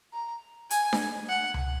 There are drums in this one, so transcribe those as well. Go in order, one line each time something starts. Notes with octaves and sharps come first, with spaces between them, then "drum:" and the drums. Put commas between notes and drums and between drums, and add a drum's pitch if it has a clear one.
A#5
G#5, drum: hi-hat
drum: snare D4
F#5
drum: tom C#2